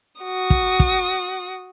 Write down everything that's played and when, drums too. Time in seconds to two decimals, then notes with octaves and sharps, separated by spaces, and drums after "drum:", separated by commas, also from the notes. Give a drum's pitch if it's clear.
0.21 F#4 D#6
0.50 drum: kick
0.80 drum: kick